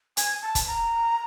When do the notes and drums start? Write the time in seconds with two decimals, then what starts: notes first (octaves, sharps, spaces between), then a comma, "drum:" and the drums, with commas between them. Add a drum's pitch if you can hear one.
0.17 G#5, drum: hi-hat
0.42 A5
0.55 drum: kick, hi-hat
0.67 A#5